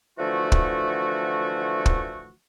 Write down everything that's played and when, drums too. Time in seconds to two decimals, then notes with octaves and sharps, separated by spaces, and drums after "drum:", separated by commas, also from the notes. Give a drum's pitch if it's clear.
0.18 D3 E3 F3 A3 F#4
0.52 drum: kick
1.86 drum: kick